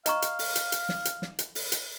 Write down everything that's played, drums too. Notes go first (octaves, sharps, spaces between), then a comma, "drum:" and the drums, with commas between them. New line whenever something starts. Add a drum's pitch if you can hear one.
D#5 F5 A#5 C#6, drum: hi-hat
drum: hi-hat
drum: open hi-hat
drum: hi-hat
drum: hi-hat
drum: snare
drum: hi-hat
drum: snare
drum: hi-hat
drum: open hi-hat
drum: hi-hat